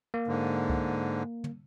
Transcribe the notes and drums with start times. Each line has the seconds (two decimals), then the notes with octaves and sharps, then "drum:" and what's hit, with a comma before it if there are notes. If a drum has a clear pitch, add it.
0.14 A#3
0.27 G#2 D3
0.70 drum: kick C2
1.44 drum: tom